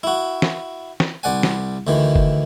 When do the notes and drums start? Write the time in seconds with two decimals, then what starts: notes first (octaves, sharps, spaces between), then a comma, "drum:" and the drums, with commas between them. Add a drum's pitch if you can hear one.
0.03 E4 F#4
0.42 drum: snare
1.00 drum: snare
1.23 C2 D5 F#5 G#5
1.43 drum: snare
1.87 D2 D#3 E3
2.16 drum: kick F#1